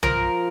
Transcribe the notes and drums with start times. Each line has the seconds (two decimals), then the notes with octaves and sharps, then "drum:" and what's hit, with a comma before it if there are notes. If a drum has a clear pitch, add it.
0.03 F3 A#4, drum: tom